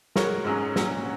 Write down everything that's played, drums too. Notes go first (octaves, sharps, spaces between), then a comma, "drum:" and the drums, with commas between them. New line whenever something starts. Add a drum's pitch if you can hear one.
G#3 F#4 A#4 C#5, drum: snare
G#2 F#3 C#4 G#4
A#2 F#3 C#4 F#4, drum: snare